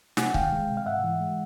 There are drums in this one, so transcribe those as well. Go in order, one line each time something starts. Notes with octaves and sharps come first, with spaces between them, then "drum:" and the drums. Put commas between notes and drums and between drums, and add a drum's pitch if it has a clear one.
C3 F#5 G#5, drum: snare
D#3 F5 G5, drum: kick C#1
G#3
C3
F5
G#2 E5 F#5
E3
G#3